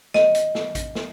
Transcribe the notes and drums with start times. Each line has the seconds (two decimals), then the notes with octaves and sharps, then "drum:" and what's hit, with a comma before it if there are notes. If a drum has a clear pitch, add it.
0.14 D#5, drum: snare
0.35 drum: hi-hat
0.55 drum: snare
0.75 drum: kick A1, hi-hat
0.95 drum: snare